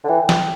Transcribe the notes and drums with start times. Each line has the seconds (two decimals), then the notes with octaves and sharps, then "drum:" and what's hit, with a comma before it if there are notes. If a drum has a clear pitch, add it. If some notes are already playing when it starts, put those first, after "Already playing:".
0.04 D3
0.09 E3 G5
0.29 drum: snare